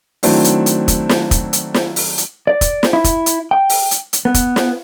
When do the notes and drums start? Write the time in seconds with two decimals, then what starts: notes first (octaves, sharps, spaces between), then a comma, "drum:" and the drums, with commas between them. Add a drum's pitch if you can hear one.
0.23 D#3 F#3 A3 C4 D4 E4, drum: open hi-hat
0.44 drum: hi-hat
0.66 drum: hi-hat
0.88 drum: kick, hi-hat
1.09 drum: snare
1.31 drum: kick, hi-hat
1.53 drum: hi-hat
1.74 drum: snare
1.96 drum: open hi-hat
2.18 drum: hi-hat
2.47 D5
2.61 drum: kick, hi-hat
2.83 drum: snare
2.93 E4
3.04 drum: kick, hi-hat
3.26 drum: hi-hat
3.51 G5
3.69 drum: open hi-hat
3.91 drum: hi-hat
4.13 drum: hi-hat
4.25 B3
4.34 drum: kick, hi-hat
4.56 drum: snare